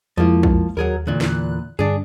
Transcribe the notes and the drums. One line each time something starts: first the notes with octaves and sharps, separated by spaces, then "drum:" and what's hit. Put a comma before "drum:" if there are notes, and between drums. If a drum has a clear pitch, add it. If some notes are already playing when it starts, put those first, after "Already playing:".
F2 F3 G#3 A#3 E4
drum: kick
D#2 F#3 G#4 A#4
E2 A#2 D3 F#6
drum: snare
G2 D3 D4 G#4